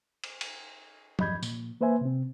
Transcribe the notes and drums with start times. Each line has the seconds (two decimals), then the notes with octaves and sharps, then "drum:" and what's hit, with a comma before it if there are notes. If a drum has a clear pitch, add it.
0.24 drum: cymbal
0.41 drum: cymbal
1.19 E2 G2 D#5 B5 G6 G#6, drum: tom F3
1.43 A#2, drum: tambourine
1.81 A#3 B4 C5 E5 G#5
2.01 C3 C4